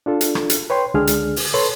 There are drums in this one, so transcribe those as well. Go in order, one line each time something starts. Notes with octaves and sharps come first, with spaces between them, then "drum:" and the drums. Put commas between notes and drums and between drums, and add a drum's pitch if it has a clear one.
D4 F4 A4
drum: hi-hat
drum: rim click
drum: hi-hat
B4 C#5 G5 C6
C#2 D3 G#3 D4 G#4 F6
drum: hi-hat
drum: open hi-hat
A4 B4 C#5 A5 C6